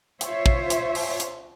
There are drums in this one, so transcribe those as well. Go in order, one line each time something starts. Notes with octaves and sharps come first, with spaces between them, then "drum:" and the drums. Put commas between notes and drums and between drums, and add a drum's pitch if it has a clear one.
F4 C5 C#5 E5, drum: hi-hat
drum: kick
drum: hi-hat
drum: open hi-hat
drum: hi-hat